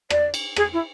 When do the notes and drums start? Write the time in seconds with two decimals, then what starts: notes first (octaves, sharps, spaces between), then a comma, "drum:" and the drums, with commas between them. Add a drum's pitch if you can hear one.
0.10 D5, drum: rim click
0.34 drum: cymbal
0.56 G#4, drum: rim click
0.72 E4